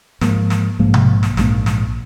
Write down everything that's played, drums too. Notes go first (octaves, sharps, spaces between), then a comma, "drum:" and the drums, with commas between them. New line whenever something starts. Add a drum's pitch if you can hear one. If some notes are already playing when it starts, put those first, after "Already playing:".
G#2 F3 A#3, drum: snare
drum: snare
A#1 G#2 F3 A#3
drum: tom B2
drum: snare
A#1 G#2 F3 A#3, drum: snare
drum: snare